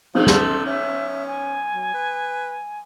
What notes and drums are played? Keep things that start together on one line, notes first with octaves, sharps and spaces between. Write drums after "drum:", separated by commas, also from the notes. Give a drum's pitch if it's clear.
F3 F5, drum: cymbal
A4 C6, drum: snare
C#4 E5
G#5
F#3
B4